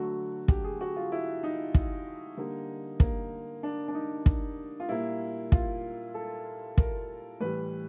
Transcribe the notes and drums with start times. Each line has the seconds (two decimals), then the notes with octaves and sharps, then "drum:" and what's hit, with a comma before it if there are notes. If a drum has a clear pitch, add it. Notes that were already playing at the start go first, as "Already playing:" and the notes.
Already playing: D3 F#3 A3 F#4
0.48 G4, drum: kick
0.64 G#4
0.81 F#4
0.96 F4
1.12 E4
1.43 D#4
1.74 drum: kick
2.37 D3 G3 A#3
3.00 A#3, drum: kick
3.63 D4
3.88 D4
3.94 D#4
4.26 drum: kick
4.80 F4
4.89 A#2 G3 A#3 E4
5.52 F4, drum: kick
6.14 A4
6.78 A#4, drum: kick
7.40 A2 E3 G3 B4